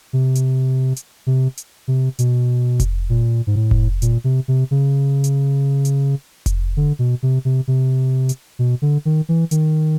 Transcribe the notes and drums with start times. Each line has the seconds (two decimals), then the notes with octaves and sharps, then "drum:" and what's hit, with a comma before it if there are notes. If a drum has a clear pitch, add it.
0.13 C3
0.35 drum: hi-hat
0.96 drum: hi-hat
1.27 C3
1.57 drum: hi-hat
1.88 C3
2.19 B2, drum: hi-hat
2.80 drum: kick F1, hi-hat
3.10 A#2
3.47 G#2
3.56 A2
3.71 drum: kick F1
4.02 A#2, drum: hi-hat
4.24 C3
4.48 C3
4.71 C#3
5.24 drum: hi-hat
5.85 drum: hi-hat
6.46 drum: kick F1, hi-hat
6.77 D3
6.99 B2
7.23 C3
7.45 C3
7.68 C3
8.29 drum: hi-hat
8.59 B2
8.82 D3
9.05 D#3
9.29 E3
9.51 D#3, drum: hi-hat